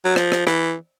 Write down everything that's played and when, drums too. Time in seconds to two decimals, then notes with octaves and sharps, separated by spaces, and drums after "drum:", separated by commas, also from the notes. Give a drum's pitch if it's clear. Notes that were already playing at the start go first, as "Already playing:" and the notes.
0.05 F#3
0.16 F3, drum: rim click
0.32 drum: rim click
0.47 E3, drum: rim click